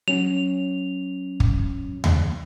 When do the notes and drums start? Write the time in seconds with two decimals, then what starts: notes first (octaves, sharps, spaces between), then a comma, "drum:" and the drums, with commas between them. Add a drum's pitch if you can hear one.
0.08 F#3 C#4 F7
1.40 drum: kick
2.04 drum: tom D#2